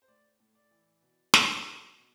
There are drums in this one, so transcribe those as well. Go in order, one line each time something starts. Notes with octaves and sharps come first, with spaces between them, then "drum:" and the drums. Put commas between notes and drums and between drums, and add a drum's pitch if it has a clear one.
C5
A2 D5
A2
D5
E3
B2
B2, drum: snare
B2
B2